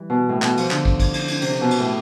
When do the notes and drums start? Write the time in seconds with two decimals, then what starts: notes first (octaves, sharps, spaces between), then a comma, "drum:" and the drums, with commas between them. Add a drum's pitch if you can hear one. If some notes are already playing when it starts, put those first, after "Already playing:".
Already playing: E3 G3
0.10 B2
0.29 A2
0.42 B2, drum: clap
0.57 F3, drum: cymbal
0.71 D3, drum: clap
0.85 drum: kick
1.00 drum: kick, cymbal
1.14 drum: cymbal
1.28 drum: cymbal
1.42 C3, drum: cymbal
1.61 B2
1.71 drum: cymbal
1.80 A2